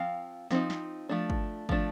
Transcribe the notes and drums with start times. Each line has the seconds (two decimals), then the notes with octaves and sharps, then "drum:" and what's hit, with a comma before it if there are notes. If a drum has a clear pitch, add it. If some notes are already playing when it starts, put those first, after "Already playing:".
Already playing: F3 C4 F5
0.51 F3 C4 D#4, drum: snare
0.70 drum: snare
1.09 F3 A3 D4
1.30 drum: kick
1.69 F3 A3 D4, drum: kick